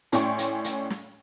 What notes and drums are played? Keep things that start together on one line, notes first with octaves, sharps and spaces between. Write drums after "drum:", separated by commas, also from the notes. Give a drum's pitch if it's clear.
A2 C#4 D5 G5 C6 C#6, drum: hi-hat
drum: hi-hat
drum: hi-hat
drum: snare